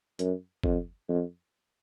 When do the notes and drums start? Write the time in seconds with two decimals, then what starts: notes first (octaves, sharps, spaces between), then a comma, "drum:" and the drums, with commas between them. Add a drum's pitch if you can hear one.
0.19 F#2, drum: hi-hat
0.63 F2, drum: kick
1.09 F2